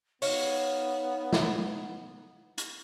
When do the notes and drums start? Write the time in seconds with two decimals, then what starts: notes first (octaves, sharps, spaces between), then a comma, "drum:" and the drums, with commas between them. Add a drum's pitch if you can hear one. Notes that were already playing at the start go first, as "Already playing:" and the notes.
0.22 B3 D#4 C#5 F5, drum: open hi-hat
1.33 drum: snare
2.58 drum: hi-hat